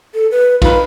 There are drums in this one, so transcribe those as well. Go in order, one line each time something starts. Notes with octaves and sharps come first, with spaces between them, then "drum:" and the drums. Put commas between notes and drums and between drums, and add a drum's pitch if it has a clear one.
A4
B4
D#4 F4 B4, drum: kick, cymbal